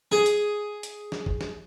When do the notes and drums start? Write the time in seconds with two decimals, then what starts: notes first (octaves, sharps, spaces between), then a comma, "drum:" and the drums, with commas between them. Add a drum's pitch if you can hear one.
0.12 G#4, drum: snare
0.26 drum: hi-hat
0.83 drum: hi-hat
1.12 drum: snare
1.26 drum: kick
1.41 drum: snare